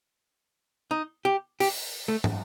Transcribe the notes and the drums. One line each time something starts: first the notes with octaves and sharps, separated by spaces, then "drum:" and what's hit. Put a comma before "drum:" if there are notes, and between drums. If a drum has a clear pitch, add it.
D#4
G4
G4, drum: open hi-hat
A3
drum: tom